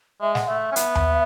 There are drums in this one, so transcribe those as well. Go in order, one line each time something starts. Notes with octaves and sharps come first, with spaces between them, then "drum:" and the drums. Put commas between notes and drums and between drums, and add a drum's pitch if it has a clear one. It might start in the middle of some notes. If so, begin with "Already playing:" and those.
G#3 E5
F#5, drum: snare
A3 E5
C#4
B3, drum: hi-hat
drum: tom D#2